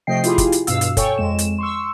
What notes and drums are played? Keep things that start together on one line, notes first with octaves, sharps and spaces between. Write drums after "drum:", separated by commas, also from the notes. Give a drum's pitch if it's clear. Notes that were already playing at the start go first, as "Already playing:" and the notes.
C3 F3 A3 D#5 G5 C7
E4 F4 G4 G#4, drum: hi-hat
drum: kick, hi-hat
drum: hi-hat
G2 B2 F5 E6, drum: hi-hat
drum: hi-hat
A4 C#5 G5 G#5 C#6, drum: kick, hi-hat
F2 G#3 E7
drum: hi-hat
C6 C#6 E6